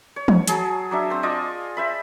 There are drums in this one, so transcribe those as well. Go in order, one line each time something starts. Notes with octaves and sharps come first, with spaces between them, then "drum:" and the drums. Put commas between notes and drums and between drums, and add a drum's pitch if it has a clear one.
C#5
drum: tom E3
F#3 G#4 A5, drum: hi-hat
F#3 D4 E5
C4 C5
F4 D5 D#5 C#6
C5 E5 B5